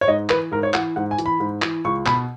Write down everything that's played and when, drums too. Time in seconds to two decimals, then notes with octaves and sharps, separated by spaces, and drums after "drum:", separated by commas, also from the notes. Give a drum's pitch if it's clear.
0.01 C#5
0.07 G#2 D#5
0.29 E3 B4, drum: clap
0.51 G#2 A#4
0.63 C#5
0.74 E3 F#5, drum: clap
0.96 G#2 F#5
1.11 G#5
1.18 E3, drum: hi-hat
1.26 B5
1.40 G#2
1.62 E3, drum: clap
1.85 C#2 C#6
2.06 B2 B5, drum: clap